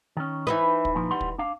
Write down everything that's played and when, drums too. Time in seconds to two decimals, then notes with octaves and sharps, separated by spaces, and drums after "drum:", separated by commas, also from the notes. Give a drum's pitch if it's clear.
0.17 D#3 C#4
0.47 E3 D#4 B4 D#5 E5
0.85 drum: kick
0.95 A#2 F3
1.11 G3 F#5 C6
1.21 drum: kick
1.38 D4 F5